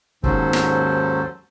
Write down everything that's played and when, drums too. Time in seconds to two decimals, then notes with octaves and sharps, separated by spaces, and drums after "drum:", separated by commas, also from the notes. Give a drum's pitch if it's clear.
0.23 D#2 G#2 F#3 C#4 A4 C5, drum: kick
0.53 drum: snare